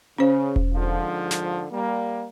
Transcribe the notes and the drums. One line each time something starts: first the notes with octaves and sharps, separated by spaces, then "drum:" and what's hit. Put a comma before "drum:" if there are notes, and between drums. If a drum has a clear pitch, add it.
C#3 C#4 C5
drum: kick E1
G#2 D3 F3
drum: snare
G3 A#3